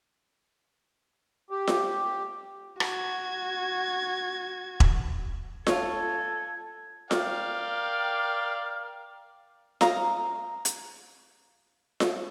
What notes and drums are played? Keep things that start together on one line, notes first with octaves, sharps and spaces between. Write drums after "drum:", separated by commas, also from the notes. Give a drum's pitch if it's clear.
G4
drum: snare F4
F#4 G#6, drum: rim click
drum: kick E1
F4 A4 C#5 G#6, drum: snare F4
A#4 D5 F5 G5, drum: snare F4
F5 A#5 D#6, drum: snare F4
drum: hi-hat
drum: snare F4